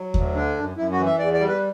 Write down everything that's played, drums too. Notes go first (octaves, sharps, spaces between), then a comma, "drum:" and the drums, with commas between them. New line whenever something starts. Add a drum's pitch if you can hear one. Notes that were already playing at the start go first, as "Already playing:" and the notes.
Already playing: F#3
D2, drum: kick D#2
D3 D4
F#2
F#2 E4
F#4
E3
E5
E2 D5
D5
G3
B4